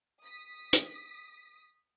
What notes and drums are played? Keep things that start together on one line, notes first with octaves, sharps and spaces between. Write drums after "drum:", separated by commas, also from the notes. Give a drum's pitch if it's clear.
D#6 B6
drum: hi-hat